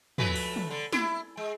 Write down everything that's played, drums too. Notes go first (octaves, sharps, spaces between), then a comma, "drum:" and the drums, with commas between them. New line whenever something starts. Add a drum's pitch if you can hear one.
F3 A3 B4, drum: tom
drum: cymbal
drum: tom
D3
E4, drum: snare
G#3